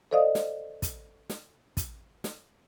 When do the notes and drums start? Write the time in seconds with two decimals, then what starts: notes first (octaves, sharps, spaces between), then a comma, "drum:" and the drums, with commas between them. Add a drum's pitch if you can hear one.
0.11 A4 C5 D5 D#5 F5 D#6
0.35 drum: snare
0.82 drum: kick, hi-hat
1.30 drum: snare
1.77 drum: kick, hi-hat
2.24 drum: snare